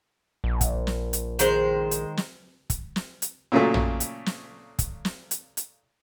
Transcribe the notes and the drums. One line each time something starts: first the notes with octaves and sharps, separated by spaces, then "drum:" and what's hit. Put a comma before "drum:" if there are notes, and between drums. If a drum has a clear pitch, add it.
A#1
drum: kick, hi-hat
drum: snare
drum: hi-hat
D#3 G#3 C5, drum: hi-hat
drum: hi-hat
drum: snare
drum: kick, hi-hat
drum: snare
drum: hi-hat
A#2 C#3 F#3 A3
drum: tom
drum: hi-hat
drum: snare
drum: kick, hi-hat
drum: snare
drum: hi-hat
drum: hi-hat